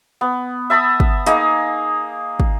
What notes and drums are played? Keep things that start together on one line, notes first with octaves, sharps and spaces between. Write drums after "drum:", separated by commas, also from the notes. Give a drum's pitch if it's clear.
B3
E5 A5 B5 D#6
drum: kick
A#3 D#4 G#4 D#5, drum: hi-hat
drum: kick